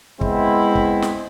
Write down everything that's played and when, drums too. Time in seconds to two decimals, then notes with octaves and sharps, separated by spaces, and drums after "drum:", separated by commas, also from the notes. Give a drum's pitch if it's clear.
0.21 G#3 B3 C4 E4, drum: kick
0.75 drum: kick
1.02 drum: snare